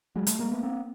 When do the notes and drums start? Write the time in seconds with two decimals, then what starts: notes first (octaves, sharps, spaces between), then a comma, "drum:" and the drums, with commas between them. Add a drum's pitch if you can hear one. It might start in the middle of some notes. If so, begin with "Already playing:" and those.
0.16 F#3 G#3
0.27 G3 A3, drum: hi-hat
0.39 G#3 A#3
0.51 A3 B3
0.63 A#3 C4